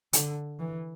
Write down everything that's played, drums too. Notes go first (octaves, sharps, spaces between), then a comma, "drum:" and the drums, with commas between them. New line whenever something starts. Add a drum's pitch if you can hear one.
D3, drum: hi-hat
E3